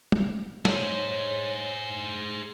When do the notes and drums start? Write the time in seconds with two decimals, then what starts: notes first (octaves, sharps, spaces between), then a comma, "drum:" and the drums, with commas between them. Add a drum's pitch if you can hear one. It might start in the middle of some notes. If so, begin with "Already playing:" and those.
0.12 drum: tom
0.65 G#4 C5 C#5, drum: snare